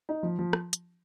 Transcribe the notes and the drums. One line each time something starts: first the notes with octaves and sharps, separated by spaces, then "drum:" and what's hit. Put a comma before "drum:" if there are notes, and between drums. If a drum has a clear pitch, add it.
D#4
F3
F3
drum: rim click
drum: hi-hat